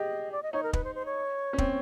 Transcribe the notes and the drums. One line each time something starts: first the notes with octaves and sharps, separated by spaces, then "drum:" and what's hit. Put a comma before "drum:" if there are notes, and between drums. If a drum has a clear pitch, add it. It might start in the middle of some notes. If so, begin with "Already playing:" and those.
Already playing: G4 G#4 D#5
D5
D#5
D#4 C#5
A#4
B4, drum: kick
C5
C5
C#5
C#4
C4, drum: kick